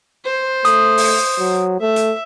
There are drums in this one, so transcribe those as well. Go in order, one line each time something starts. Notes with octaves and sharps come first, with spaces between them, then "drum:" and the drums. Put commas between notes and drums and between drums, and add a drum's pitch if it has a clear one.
C5
A3 D#6, drum: hi-hat
drum: open hi-hat
F#3
A3 E5
drum: hi-hat